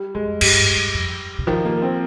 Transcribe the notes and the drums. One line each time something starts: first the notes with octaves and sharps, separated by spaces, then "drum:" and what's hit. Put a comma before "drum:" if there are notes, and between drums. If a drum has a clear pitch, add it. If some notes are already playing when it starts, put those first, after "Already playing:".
Already playing: G3
F2 G#3
G2 G3, drum: cymbal
G#2
G2
F2
C#3
D#3 F3
A#3
C4